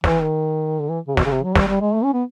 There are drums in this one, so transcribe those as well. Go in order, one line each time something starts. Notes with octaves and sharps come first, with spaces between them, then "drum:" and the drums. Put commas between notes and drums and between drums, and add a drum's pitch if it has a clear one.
E3, drum: snare
D#3
D3
E3
C#3
B2, drum: snare
C#3
C3
F#3
G3, drum: snare
G3
G#3
A3
C#4
B3